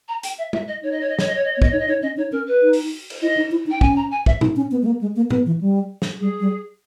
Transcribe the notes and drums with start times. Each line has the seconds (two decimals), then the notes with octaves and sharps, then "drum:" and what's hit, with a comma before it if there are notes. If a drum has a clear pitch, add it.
0.08 A#5
0.23 G5, drum: hi-hat
0.38 E5
0.53 E5, drum: tom G#3
0.68 D#5
0.83 D#4 C#5
0.92 D#5
1.01 C#5
1.09 D#5
1.19 C#5, drum: snare
1.26 D#5
1.35 C#5
1.45 D#5
1.53 C#5
1.57 B3
1.62 D#5, drum: kick
1.70 D#4 C#5
1.79 D#5
1.88 D#4 C#5
2.02 C#4 D#5
2.17 D#4 C#5
2.32 C#4 A#4
2.47 B4
2.63 D#4
2.73 drum: open hi-hat
3.10 drum: cymbal
3.22 E4 D#5
3.37 D#4
3.52 E4
3.66 D#4
3.71 G5
3.81 C#4 G#5, drum: kick
3.97 A#5
4.11 G#5
4.26 E5, drum: kick
4.41 D#4, drum: tom A#2
4.56 C#4
4.71 B3
4.82 G#3
4.86 A#3
5.01 G#3
5.16 A#3
5.31 B3, drum: tom A#2
5.46 E3
5.61 G3
6.02 drum: snare
6.20 G3 G#4
6.40 G3